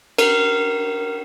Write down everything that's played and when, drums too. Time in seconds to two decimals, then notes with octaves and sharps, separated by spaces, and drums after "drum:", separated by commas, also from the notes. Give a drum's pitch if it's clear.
0.18 A#4, drum: cymbal